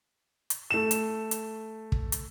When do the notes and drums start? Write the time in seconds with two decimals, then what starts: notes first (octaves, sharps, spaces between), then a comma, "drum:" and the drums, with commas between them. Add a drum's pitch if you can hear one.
0.50 drum: hi-hat
0.70 A3 E7
0.91 drum: hi-hat
1.31 drum: hi-hat
1.92 drum: kick
2.12 drum: hi-hat